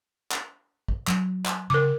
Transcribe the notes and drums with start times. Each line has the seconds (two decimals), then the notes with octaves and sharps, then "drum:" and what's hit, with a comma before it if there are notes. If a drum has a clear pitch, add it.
0.31 drum: clap
0.88 drum: kick
1.07 F#3, drum: clap
1.46 drum: clap
1.70 C#3 A#4 D6